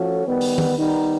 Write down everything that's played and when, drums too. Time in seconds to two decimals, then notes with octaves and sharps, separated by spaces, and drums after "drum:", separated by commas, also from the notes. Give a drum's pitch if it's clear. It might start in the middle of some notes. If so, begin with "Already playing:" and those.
Already playing: F3 A3 C#4 F#4 A4
0.26 D#3 G3 B3
0.41 drum: open hi-hat
0.58 drum: tom D#3
0.76 D#3 G3 B3 D#4